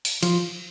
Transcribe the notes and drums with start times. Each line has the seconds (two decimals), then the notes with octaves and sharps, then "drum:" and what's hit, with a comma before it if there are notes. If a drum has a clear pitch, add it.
0.05 drum: open hi-hat
0.23 F3, drum: cymbal